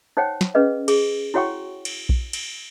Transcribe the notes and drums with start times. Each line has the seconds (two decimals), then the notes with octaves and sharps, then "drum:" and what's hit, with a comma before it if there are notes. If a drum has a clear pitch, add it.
0.17 D#4 C5 C#5 F#5 G5
0.41 drum: snare
0.54 C#4 G#4 B4 D#5 F5
0.88 G#4, drum: cymbal
1.34 E4 F#4 C#5 F#5 G5 C#6
1.85 drum: cymbal
2.09 drum: kick A#1
2.33 drum: cymbal